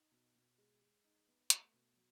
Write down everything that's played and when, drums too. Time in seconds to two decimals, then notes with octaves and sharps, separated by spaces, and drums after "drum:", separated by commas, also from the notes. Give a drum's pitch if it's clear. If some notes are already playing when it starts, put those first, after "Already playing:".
Already playing: D#4
0.11 B2
0.35 B2
0.58 G#3
0.82 G#3
1.05 D#4
1.27 B3
1.50 A3, drum: hi-hat
1.73 B2
1.96 F#3